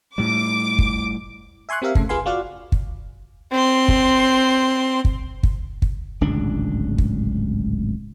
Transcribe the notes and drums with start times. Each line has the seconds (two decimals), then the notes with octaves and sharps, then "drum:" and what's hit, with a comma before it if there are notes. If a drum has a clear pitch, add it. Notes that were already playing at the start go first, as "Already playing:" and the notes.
0.18 A2 G3 D6
0.78 drum: kick
1.69 E5 G#5 C6 C#6 F#6
1.82 C4 G4 A#4 E5 F5
1.95 C#3 A3 A4, drum: kick
2.09 F4 G#4 B4 F5 G#5 C6
2.26 F4 F#4 D5 F5 F#5
2.72 drum: kick
3.51 C4 C6
3.88 drum: kick
5.05 drum: kick
5.43 drum: kick
5.82 drum: kick
6.21 D1 G#1 C#2 D4
6.98 drum: kick